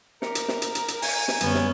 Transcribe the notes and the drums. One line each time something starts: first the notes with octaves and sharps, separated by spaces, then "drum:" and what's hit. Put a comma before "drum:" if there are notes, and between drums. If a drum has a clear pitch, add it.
A#4 D6 B6 C#7, drum: snare
drum: hi-hat
drum: snare
drum: hi-hat
drum: hi-hat
drum: hi-hat
G#5, drum: open hi-hat
drum: snare
F#2 D3 G3 B3 C#4, drum: hi-hat
drum: snare